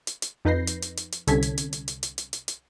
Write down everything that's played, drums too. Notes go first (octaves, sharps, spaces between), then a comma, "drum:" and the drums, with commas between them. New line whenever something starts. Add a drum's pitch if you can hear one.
drum: hi-hat
drum: hi-hat
F2 D#4 B4 G6 A#6 C7
drum: hi-hat
drum: hi-hat
drum: hi-hat
drum: hi-hat
C2 D3 C#4 A4 G#6 B6, drum: hi-hat
drum: hi-hat
drum: hi-hat
drum: hi-hat
drum: hi-hat
drum: hi-hat
drum: hi-hat
drum: hi-hat
drum: hi-hat